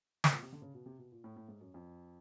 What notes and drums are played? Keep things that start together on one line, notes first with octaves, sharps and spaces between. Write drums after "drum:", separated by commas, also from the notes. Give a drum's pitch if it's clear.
A2, drum: snare
A#2
C3
D3
C#3
B2
C3
B2
A#2
A2
A2
G#2
F#2
F2